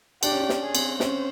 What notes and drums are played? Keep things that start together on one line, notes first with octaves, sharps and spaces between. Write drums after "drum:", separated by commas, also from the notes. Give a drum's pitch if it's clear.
D4 G4, drum: cymbal
C#4
D4
C#4, drum: snare
G#4
C4, drum: cymbal
C#4 C5, drum: snare